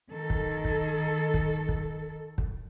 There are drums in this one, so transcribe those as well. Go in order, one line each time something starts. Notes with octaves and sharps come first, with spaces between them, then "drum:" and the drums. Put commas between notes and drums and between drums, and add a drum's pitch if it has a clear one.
D#3 A4
drum: kick
drum: kick
drum: kick
drum: kick
drum: kick